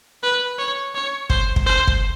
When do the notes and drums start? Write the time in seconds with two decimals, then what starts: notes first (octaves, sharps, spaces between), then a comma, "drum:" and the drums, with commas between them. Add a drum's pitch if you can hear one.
0.23 B4
0.59 C#5
0.95 C#5
1.30 C5, drum: kick
1.56 drum: kick
1.66 C5
1.87 drum: kick